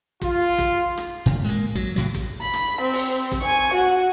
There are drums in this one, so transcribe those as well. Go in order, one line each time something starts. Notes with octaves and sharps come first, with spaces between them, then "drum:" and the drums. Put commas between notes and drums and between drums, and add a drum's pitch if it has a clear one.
F4, drum: kick, hi-hat
drum: kick, hi-hat
drum: rim click
A2
G#3 A#3
F#3, drum: kick
C#2 A2 F#3
drum: kick, hi-hat
B5
drum: rim click
C4
drum: open hi-hat
drum: kick, hi-hat
G#5 C#6
F#4